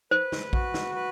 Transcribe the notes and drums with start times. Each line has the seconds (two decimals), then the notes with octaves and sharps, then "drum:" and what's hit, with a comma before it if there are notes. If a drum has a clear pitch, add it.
0.11 B4 C5
0.32 drum: snare
0.53 F#4, drum: kick A#1
0.74 drum: snare
0.95 B4